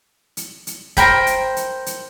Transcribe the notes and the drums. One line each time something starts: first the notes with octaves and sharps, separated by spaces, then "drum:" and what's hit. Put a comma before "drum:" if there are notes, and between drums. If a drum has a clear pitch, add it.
drum: hi-hat
drum: hi-hat
A#4 C5 G5 B5, drum: kick, hi-hat
drum: hi-hat
drum: hi-hat
drum: hi-hat